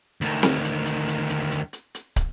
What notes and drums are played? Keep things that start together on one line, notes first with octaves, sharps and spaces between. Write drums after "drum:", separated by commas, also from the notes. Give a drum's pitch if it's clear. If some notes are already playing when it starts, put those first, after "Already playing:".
D2 D#3, drum: hi-hat
drum: snare C4
drum: hi-hat
drum: hi-hat
drum: hi-hat
drum: hi-hat
drum: hi-hat
drum: hi-hat
drum: hi-hat
drum: kick, hi-hat